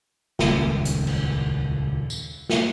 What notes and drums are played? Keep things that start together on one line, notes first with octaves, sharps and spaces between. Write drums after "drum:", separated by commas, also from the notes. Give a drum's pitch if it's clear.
D#1 C#2 F#2 C#3, drum: snare
drum: hi-hat
drum: cymbal
drum: tambourine
drum: snare